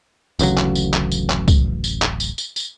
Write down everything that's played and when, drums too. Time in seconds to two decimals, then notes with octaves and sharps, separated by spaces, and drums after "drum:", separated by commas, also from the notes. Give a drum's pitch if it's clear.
0.39 D1 A1 C#3 F#3, drum: tambourine
0.57 drum: clap
0.75 drum: tambourine
0.94 drum: clap
1.12 drum: tambourine
1.30 drum: clap
1.48 drum: kick C2, tambourine
1.84 drum: tambourine
2.02 drum: clap
2.20 drum: tambourine
2.38 drum: tambourine
2.56 drum: tambourine